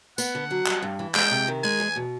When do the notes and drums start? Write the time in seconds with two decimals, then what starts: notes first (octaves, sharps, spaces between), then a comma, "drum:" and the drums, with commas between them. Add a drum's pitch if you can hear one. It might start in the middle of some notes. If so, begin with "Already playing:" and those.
0.18 B3 F#5, drum: tambourine
0.35 D3
0.51 F#3
0.67 G3, drum: clap
0.83 G2
0.99 E3
1.15 G#3 G5, drum: clap
1.31 C3
1.48 D#3
1.63 G#3 G#5
1.80 E2
1.96 B2